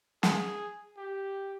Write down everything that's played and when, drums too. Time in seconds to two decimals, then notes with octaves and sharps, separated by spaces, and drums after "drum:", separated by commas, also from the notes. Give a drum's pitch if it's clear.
0.23 G#4, drum: snare
0.97 G4